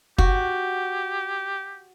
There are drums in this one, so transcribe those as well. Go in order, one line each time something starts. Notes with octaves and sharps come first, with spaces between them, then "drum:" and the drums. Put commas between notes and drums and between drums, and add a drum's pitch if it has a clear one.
F#4 G4, drum: kick